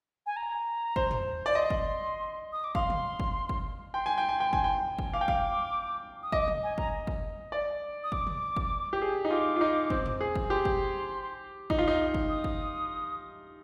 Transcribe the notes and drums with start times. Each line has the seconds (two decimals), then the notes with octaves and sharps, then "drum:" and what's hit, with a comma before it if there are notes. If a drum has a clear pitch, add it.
0.26 G#5
0.36 A#5
0.96 C5, drum: kick
1.11 drum: tom
1.46 D5
1.55 D#5 C6
1.70 drum: kick
2.52 D#6
2.64 D6
2.75 F5 C6, drum: kick
2.90 drum: tom
3.20 drum: kick
3.49 drum: kick
3.94 G5 C6
4.06 G#5
4.18 G5
4.29 G#5
4.40 G5
4.53 G#5, drum: kick
4.64 G5
4.99 drum: kick
5.13 F5 D6
5.21 G5
5.28 F5, drum: kick
6.23 D#6
6.32 D#5 D6, drum: kick
6.48 drum: tom
6.63 G#5
6.78 A#5, drum: kick
7.07 drum: kick
7.52 D5
8.03 D#6
8.12 D6, drum: kick
8.27 drum: tom
8.57 drum: kick
8.93 G4
9.02 G#4
9.25 D#4
9.31 F4 D6
9.56 F4
9.61 D#4
9.90 C4, drum: kick
10.06 drum: tom
10.21 G#4
10.36 drum: kick
10.50 G4 C6
10.65 drum: kick
11.70 D#4, drum: kick
11.78 F4
11.88 D#4, drum: tom
12.14 drum: kick
12.29 D#6
12.44 drum: kick